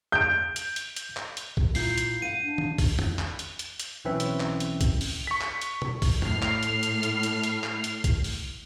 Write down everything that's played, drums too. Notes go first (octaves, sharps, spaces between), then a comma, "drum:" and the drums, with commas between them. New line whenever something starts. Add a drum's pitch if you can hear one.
G6 D7
drum: hi-hat
drum: hi-hat
drum: hi-hat
drum: clap
drum: hi-hat
drum: kick
A#2 E4 F4 G6 C7, drum: open hi-hat
drum: hi-hat
F5 F#5 D#7
D4
drum: tom D#3
drum: kick, open hi-hat
drum: tom
drum: clap
drum: hi-hat
drum: hi-hat
drum: hi-hat
B1 E3 C4 C#4 B4 E5
drum: hi-hat
drum: clap
drum: hi-hat
drum: kick, hi-hat
drum: open hi-hat
C#6 B6
drum: clap
drum: hi-hat
drum: tom
drum: kick, open hi-hat
A2 F6 C7, drum: tom
drum: clap
drum: hi-hat
drum: hi-hat
drum: hi-hat
drum: hi-hat
drum: hi-hat
drum: clap
drum: hi-hat
drum: kick, hi-hat
drum: open hi-hat